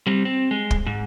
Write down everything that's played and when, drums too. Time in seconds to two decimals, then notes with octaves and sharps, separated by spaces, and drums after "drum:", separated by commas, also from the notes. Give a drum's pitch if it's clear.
0.07 G3 C4
0.25 C4
0.51 G#3
0.71 drum: kick
0.86 G#2